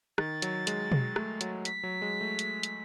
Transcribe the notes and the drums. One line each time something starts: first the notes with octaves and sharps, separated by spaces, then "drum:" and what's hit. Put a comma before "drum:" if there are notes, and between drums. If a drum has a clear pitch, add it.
D#3 A6, drum: rim click
F#3, drum: hi-hat
G#3, drum: hi-hat
drum: tom B2
A3, drum: rim click
F#3, drum: hi-hat
B6, drum: hi-hat
F#3
G#3
A3
drum: hi-hat
drum: hi-hat